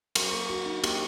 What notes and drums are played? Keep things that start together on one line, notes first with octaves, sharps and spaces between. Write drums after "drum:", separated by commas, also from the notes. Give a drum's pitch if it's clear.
F#3 A#4, drum: cymbal
A#3 A#4
D4 F#4
D4 D#4
A#3 G4, drum: cymbal